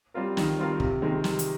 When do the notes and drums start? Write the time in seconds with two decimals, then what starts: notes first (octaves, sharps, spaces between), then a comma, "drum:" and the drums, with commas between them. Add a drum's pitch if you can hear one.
0.14 G3 C4 F4 A#4
0.37 D#3, drum: snare
0.59 G3 C4 F4 A#4
0.80 C3, drum: kick
1.02 D#3 G#3 C4
1.24 C3, drum: snare
1.39 drum: hi-hat